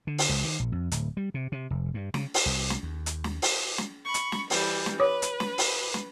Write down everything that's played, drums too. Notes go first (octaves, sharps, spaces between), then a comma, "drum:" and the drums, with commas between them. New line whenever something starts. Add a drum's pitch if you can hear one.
D3
drum: open hi-hat
C#2
D#3
A#1
F2
D1, drum: hi-hat
G3
C3
C3
F1
G2
C#3, drum: snare
drum: open hi-hat
C2
drum: snare
D#2
drum: hi-hat
drum: snare
drum: open hi-hat
drum: snare
B5 C#6
drum: hi-hat
drum: snare
E3 G3, drum: open hi-hat
drum: snare
B4 C#5 D6 D#6
drum: hi-hat
drum: snare
drum: open hi-hat
drum: snare